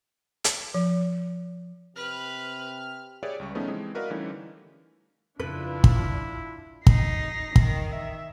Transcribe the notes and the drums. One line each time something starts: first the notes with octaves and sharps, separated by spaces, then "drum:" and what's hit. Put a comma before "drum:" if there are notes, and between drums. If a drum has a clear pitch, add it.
drum: hi-hat
F3
C3 B4 F6
G4 G#4 B4 C#5 D5 E5
C#2 G3 C#6
C#3 F3 A3 B3 C#4 D#4
E3 G#3 C4
F#4 A#4 B4 D5 D#5 F5
D3 E3 G3 A3 C#4 D#4
F2 C#3 D4 E4 F4 B4
drum: kick
D#4 A#6 C7, drum: kick
D#3, drum: kick
E5